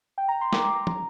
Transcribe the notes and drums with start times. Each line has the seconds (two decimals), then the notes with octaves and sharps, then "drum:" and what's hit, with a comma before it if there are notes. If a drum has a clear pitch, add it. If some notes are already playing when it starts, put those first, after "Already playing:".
0.18 G5
0.28 A#5
0.41 C6
0.53 D6, drum: snare
0.64 C6
0.75 A#5
0.87 A#5, drum: tom